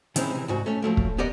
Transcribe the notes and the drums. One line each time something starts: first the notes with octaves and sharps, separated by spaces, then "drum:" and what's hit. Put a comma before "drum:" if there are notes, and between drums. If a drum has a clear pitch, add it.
D#3 G#3 C4 C#4 E4, drum: hi-hat
C3 E3
C2 G#2 F#4
A3 C#4
F3 F#3 A3 A#3
drum: kick
B3 G4 A#4 D5 D#5 F#5